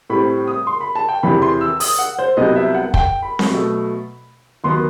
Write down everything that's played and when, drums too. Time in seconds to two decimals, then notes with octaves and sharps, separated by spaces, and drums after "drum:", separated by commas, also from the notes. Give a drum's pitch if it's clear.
0.10 A2 G3 C4 B5
0.48 D#6
0.67 C6
0.81 B5
0.95 A5
1.09 G5
1.23 E2 C3 E3 B5
1.42 C6
1.61 E6
1.80 D#6, drum: open hi-hat
1.99 F#5
2.19 C5
2.37 C2 C3 F#3 B3 D#5
2.56 E5
2.74 F#5
2.94 G5, drum: kick
3.22 B5
3.39 drum: snare C4
3.50 B2 F#3 A3
4.64 D#2 D#3 F#3 B3 C6